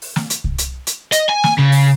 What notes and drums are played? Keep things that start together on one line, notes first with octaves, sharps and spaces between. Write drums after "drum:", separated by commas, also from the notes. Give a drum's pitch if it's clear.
drum: open hi-hat
drum: snare
drum: hi-hat
drum: kick C2
drum: hi-hat
drum: hi-hat
D#5, drum: hi-hat
G#5
drum: snare
C#3
drum: open hi-hat